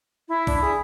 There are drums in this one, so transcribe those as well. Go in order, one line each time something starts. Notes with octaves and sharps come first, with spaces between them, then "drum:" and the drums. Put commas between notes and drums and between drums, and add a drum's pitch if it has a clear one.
E4
D4, drum: kick A#1, open hi-hat
G#4